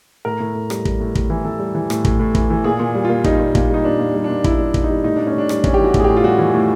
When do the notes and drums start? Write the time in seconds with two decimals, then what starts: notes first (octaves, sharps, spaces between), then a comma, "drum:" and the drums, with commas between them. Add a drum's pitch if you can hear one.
0.25 A2 A#4
0.40 A2
0.55 A2
0.70 G3, drum: rim click
0.85 G3, drum: kick
1.00 A2
1.15 A2, drum: kick
1.30 E3
1.45 E3 A4
1.59 G3
1.75 E3
1.90 A2, drum: rim click
2.05 A2, drum: kick
2.20 A2
2.35 E3, drum: kick
2.50 E3
2.64 A#2 G#4
2.80 A#2
2.95 G3
3.05 A#2 F4
3.24 G3 D#4, drum: kick
3.40 A#2
3.55 A#2, drum: kick
3.70 G3 D#4
3.84 A#2 D4
3.99 A#2
4.14 G3
4.24 A#2 D4
4.44 G3 E4, drum: kick
4.59 G3
4.74 A#2, drum: kick
4.84 D#4
4.89 G3
5.04 A2 D#4
5.16 A2 D4
5.27 C#4
5.34 A2 D4
5.49 G3, drum: rim click
5.64 E3 C#4, drum: kick
5.74 G4
5.80 E3 F#4
5.94 A2, drum: kick
6.00 G#4
6.04 A2 G4
6.17 F4
6.24 G3 F#4
6.39 E3
6.54 A2